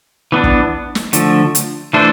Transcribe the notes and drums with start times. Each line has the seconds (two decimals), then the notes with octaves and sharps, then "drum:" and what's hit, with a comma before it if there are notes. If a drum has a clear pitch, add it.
0.32 E3 B3 D4
0.44 drum: kick
0.95 drum: snare
1.13 D3 F3 A3, drum: hi-hat
1.55 drum: hi-hat
1.93 E3 A3 D4 A4 C5